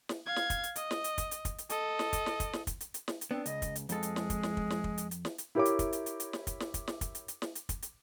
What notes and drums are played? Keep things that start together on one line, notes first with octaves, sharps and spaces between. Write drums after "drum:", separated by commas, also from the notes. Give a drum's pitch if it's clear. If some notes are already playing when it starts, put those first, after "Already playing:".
drum: snare
F5 G#6
drum: snare
drum: kick, hi-hat
drum: hi-hat
D#5, drum: hi-hat
drum: snare
drum: hi-hat
drum: kick, hi-hat
drum: hi-hat
drum: kick, hi-hat
drum: hi-hat
A4 D#5, drum: hi-hat
drum: snare
drum: kick, hi-hat
drum: snare
drum: kick, hi-hat
drum: snare
drum: kick, hi-hat
drum: hi-hat
drum: hi-hat
drum: snare
drum: hi-hat
B3 C4 D4
C#2 D#5, drum: hi-hat
drum: kick, hi-hat
drum: hi-hat
F2 G#3 A4, drum: hi-hat
drum: hi-hat
drum: snare
drum: kick, hi-hat
drum: snare
drum: kick
drum: snare
drum: kick
drum: hi-hat
drum: hi-hat
drum: snare
drum: hi-hat
E4 G4 A#4 C#5 E5 D6
drum: hi-hat
drum: kick, hi-hat
drum: hi-hat
drum: hi-hat
drum: hi-hat
drum: snare
drum: kick, hi-hat
drum: snare
drum: kick, hi-hat
drum: snare
drum: kick, hi-hat
drum: hi-hat
drum: hi-hat
drum: snare
drum: hi-hat
drum: kick, hi-hat
drum: hi-hat